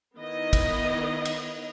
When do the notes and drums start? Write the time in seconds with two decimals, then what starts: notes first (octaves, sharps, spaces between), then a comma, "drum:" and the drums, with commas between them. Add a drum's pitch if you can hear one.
0.17 D#3 B3 E4 D#5
0.53 drum: kick, cymbal
1.25 drum: cymbal